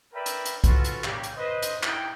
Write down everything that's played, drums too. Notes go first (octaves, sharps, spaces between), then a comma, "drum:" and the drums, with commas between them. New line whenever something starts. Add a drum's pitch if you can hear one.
A#4 B4 D5 E5 G5 B5
drum: hi-hat
drum: hi-hat
C#4 F4 F#4 A4 B4, drum: kick, hi-hat
drum: hi-hat
G3 A#3 C#4 G4, drum: clap
drum: hi-hat
B4 C5 D#5
drum: hi-hat
D#4 E4 G5, drum: clap